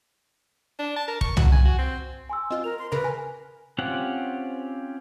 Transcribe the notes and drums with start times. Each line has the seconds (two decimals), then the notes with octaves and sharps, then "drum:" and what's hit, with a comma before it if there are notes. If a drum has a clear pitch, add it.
0.79 D4
0.96 A5
1.08 A#4
1.21 C#6, drum: kick
1.37 F#4, drum: tom C2
1.52 G#5
1.65 F#4
1.78 C4
2.29 G#5 C6 E6
2.51 C4 F4 D#5
2.64 A#4 F7
2.79 C6
2.92 C#3 G#4 A#4 B4 A#5
3.04 A#4 G#5
3.78 C4 C#4 F4 G4 F#5